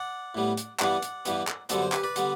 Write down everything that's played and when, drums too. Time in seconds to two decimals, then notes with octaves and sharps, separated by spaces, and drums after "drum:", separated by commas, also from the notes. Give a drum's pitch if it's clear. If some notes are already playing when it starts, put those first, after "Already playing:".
Already playing: D5 F#5
0.35 A2 G3 B3
0.57 drum: hi-hat
0.80 G2 E3 G3 B3 D5 F#5, drum: clap
1.02 drum: hi-hat
1.25 G2 E3 G3 B3, drum: hi-hat
1.47 drum: clap
1.69 F#2 D3 G3 B3 A4 C5, drum: hi-hat
1.82 C5
1.92 G4 B4, drum: clap
2.04 B4 D5
2.16 D3 G3 B3, drum: hi-hat